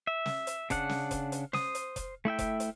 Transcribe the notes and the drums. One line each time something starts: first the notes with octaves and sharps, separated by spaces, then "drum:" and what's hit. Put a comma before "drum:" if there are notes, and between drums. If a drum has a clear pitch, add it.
E5
drum: snare
drum: hi-hat
C#3 D4 F#5, drum: kick F1, hi-hat
drum: snare
drum: kick F1, hi-hat
drum: hi-hat
C5 D#6, drum: snare
drum: hi-hat
drum: kick F1, hi-hat
A3 E4 E5 G5
drum: kick F1, hi-hat
drum: hi-hat